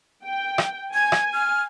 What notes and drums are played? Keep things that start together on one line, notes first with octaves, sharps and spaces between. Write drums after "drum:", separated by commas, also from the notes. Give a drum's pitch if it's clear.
G5
drum: rim click
G#5 G#6
drum: rim click
F6